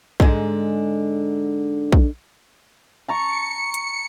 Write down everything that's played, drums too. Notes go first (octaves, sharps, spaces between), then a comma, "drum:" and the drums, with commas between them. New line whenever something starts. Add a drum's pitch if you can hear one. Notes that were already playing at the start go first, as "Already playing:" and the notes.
G#2 D3 G#3, drum: kick A#1
drum: kick A#1
A5 A#5 C#6 C#7
drum: hi-hat